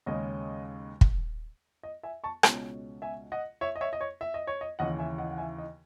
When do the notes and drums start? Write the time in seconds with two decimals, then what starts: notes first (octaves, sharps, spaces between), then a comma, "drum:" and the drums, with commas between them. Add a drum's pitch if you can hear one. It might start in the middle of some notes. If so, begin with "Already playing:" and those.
0.06 D#2 C#3 G#3 C#4 D#5
1.01 drum: kick
1.83 D#5
2.03 E5 G#5
2.24 A5 C#6
2.43 C#2 B2 G#3 C#4, drum: rim click
3.02 E5 G#5
3.32 D#5 F#5
3.61 C#5 E5
3.76 D#5
3.81 C#5 E5
3.93 D#5
4.01 C#5
4.21 E5
4.34 D#5
4.47 C#5
4.61 D#5
4.79 D#2 C#3 E3 D#5 F#5
4.98 E5 G#5
5.18 D#5 F#5
5.31 F#5
5.38 E5 G#5
5.58 D#5